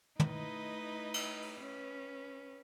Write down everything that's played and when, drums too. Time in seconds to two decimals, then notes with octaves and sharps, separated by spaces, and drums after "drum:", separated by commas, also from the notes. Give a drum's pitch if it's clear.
0.20 A3 D#4 E4 B4 D#5, drum: tom
1.14 drum: cymbal
1.42 drum: open hi-hat
1.61 C#4 B4